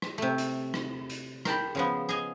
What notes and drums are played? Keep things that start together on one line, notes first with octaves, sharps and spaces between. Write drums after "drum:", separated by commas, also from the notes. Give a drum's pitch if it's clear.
drum: rim click
C3 A3
drum: hi-hat
drum: rim click
drum: hi-hat
A#4 G5 A5 B5, drum: rim click
C#3 F3 B3
G#4 D#5 F5 G#5